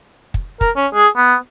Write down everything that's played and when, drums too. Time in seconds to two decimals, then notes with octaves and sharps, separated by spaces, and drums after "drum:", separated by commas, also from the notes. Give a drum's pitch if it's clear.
0.34 drum: kick
0.61 A#4, drum: kick
0.76 C#4
0.94 G#4
1.16 B3